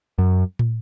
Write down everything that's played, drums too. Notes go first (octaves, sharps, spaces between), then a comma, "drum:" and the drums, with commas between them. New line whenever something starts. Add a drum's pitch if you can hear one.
F#2
drum: tom